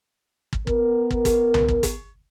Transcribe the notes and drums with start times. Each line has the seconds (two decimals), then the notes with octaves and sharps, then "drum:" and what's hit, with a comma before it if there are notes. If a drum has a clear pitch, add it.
0.53 drum: kick
0.67 B3 A#4, drum: kick
1.11 drum: kick
1.25 drum: kick, hi-hat
1.54 drum: tom C2
1.68 drum: kick
1.83 drum: kick, hi-hat